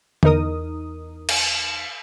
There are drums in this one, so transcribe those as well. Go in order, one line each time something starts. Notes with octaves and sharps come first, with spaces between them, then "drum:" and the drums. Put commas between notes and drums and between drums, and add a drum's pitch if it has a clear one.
E2 D#4 A#4 D#6, drum: tom D3
drum: cymbal